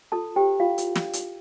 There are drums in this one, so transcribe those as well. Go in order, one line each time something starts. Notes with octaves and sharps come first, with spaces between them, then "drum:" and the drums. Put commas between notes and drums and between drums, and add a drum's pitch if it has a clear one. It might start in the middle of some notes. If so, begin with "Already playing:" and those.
F4 A4 A5
G4 C5 G5
E4 F4 F5
drum: hi-hat
drum: snare
drum: hi-hat